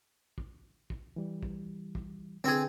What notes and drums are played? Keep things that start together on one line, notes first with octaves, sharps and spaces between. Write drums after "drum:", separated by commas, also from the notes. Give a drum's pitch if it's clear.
drum: kick
drum: kick
E3 G3
drum: kick
drum: kick
D3 C4 G#4 B4 G5